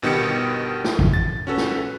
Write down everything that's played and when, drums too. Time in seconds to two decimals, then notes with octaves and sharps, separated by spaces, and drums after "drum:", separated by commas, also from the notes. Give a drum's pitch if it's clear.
0.02 G1 B2 D#3 B3 G4 C#7
0.84 drum: snare
0.99 drum: kick
1.14 A6
1.47 C#4 F#4 A4 B4
1.57 drum: snare